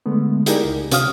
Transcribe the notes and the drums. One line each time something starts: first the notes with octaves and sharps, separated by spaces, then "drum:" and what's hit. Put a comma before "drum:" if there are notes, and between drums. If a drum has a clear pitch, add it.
D3 G#3 A3 B3
D#4 E4 G4 G#4 A#4 D5, drum: hi-hat
C#2
C3 C#4 F#4 F5 D#6 F6, drum: hi-hat